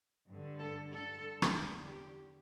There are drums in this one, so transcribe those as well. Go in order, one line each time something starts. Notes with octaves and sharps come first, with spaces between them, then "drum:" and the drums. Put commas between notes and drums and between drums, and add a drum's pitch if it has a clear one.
G2 D3
A4
G2 D3 A4
drum: rim click
E2 D3
G4